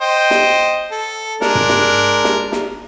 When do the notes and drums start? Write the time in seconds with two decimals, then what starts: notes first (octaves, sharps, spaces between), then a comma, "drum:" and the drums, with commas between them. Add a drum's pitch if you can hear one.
0.01 C5 D#5 G5
0.31 drum: snare
0.92 A4
1.41 G#3 D4 A#4, drum: snare
1.55 drum: tom
1.69 drum: snare
2.24 drum: snare
2.52 drum: snare